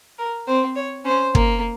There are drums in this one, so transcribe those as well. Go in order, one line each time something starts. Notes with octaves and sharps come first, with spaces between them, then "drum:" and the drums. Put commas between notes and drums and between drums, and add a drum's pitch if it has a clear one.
A#4
C4 C5
C#5
C#4 C5
A#3, drum: kick